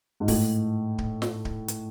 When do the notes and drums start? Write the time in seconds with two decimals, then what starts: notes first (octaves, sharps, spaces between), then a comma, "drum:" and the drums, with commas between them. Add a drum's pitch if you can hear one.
0.20 G#2
0.28 A2, drum: kick D1, open hi-hat
0.98 drum: kick D1
1.22 drum: snare
1.45 drum: kick D1
1.68 drum: hi-hat